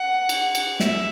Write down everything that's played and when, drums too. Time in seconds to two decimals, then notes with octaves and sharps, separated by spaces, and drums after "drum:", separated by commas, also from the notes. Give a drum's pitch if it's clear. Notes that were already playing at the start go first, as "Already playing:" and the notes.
Already playing: F#5
0.29 drum: cymbal
0.55 drum: cymbal
0.80 E5, drum: snare